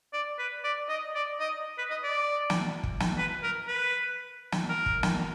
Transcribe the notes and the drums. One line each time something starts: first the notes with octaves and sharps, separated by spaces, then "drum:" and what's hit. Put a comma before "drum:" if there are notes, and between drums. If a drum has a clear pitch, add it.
D5
B4
D5
D#5
D5
D#5
B4
D#5
D5
drum: snare
drum: kick
drum: snare
B4
A#4
B4
drum: snare
A#4
drum: kick
drum: snare